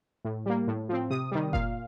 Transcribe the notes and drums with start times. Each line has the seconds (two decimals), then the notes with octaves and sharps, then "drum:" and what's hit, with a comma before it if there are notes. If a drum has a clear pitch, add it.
0.25 A2
0.46 G3 A#3
0.68 A2
0.89 F3 C4
1.11 C3 D#6
1.32 D#3 G3
1.53 A#2 F5, drum: kick F#1